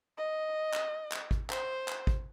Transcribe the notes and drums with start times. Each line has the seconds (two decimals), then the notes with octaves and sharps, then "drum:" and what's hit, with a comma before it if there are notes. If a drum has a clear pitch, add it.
0.18 D#5
0.74 drum: clap
1.12 drum: clap
1.31 drum: kick
1.50 C5, drum: clap
1.88 drum: clap
2.07 drum: kick